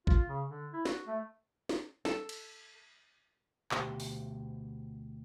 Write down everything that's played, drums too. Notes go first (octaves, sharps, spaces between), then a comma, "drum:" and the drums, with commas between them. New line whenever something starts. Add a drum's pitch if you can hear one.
F4, drum: kick A1
C#3
D3
E4
F#4, drum: snare
A3
drum: snare
A4, drum: snare
drum: cymbal
D2 B2 G4 C5, drum: clap
drum: open hi-hat